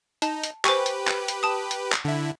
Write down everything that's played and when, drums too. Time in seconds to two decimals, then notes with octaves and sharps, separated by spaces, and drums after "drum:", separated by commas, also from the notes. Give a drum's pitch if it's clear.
0.22 D#4 A5, drum: hi-hat
0.43 drum: hi-hat
0.65 G4 B4 C5 G#5 C#6, drum: clap
0.86 drum: hi-hat
1.07 drum: clap
1.28 drum: hi-hat
1.43 A5 D#6
1.71 drum: hi-hat
1.92 drum: clap
2.05 D3 E4